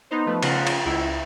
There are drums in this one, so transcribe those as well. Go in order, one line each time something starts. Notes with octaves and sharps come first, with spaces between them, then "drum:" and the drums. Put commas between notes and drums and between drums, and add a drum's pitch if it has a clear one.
B3 D#4 C5
F3 A3 B4
C#3 F4 F#5, drum: cymbal
drum: cymbal
C#2 E4